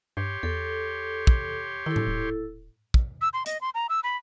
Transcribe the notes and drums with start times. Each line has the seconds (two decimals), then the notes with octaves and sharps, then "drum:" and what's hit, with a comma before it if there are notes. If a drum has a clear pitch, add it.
0.17 G2 G4 C#5 C6
0.43 E2 A4
1.27 drum: kick
1.86 D#3 E4 A4
1.96 drum: tom A2
2.07 D#1
2.94 drum: kick
3.22 E6
3.33 C6
3.46 D#5, drum: hi-hat
3.61 C6
3.74 A#5
3.89 E6
4.03 B5